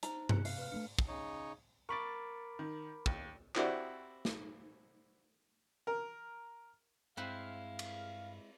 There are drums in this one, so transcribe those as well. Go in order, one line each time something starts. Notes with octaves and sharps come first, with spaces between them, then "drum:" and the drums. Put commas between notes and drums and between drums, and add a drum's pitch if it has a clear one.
D#4 C5 A#5, drum: hi-hat
C3 F#6 C#7, drum: tom G2
F5, drum: open hi-hat
B4 F6
A3 A#3 D4 C#7
drum: kick
C#3 D#4 C#5
A#4 B5 C#6 D6 A6
D#3
D#2, drum: kick
C4 E4 F#4 G4 D5, drum: clap
drum: snare
A#4
G2 G#3 C4 E4 B4 C5 F5
drum: cymbal